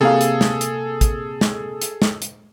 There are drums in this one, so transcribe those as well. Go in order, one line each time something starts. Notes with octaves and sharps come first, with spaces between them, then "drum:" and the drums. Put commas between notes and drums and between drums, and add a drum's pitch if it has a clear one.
C3 A#3 G#4 A4 F5
drum: hi-hat
drum: snare
drum: hi-hat
drum: kick, hi-hat
drum: snare
drum: hi-hat
drum: snare
drum: hi-hat